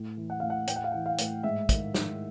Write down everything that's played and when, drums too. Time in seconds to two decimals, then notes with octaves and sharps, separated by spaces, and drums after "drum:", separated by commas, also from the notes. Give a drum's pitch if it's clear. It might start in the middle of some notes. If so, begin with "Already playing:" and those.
Already playing: A2
0.17 E3
0.30 F#5
0.40 A2 F5
0.50 F#5
0.67 A2 G5, drum: hi-hat
0.76 F#5
0.84 F5
0.92 E3 F#5
1.06 F5
1.18 A2, drum: hi-hat
1.44 G#2 E5
1.69 D#3, drum: kick, hi-hat
1.94 G#2, drum: snare